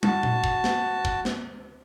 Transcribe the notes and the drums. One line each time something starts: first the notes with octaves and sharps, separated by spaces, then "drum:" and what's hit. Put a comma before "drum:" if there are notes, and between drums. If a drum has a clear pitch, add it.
F#4 A5, drum: tom
drum: tom A#2
drum: kick
drum: snare
drum: kick
drum: snare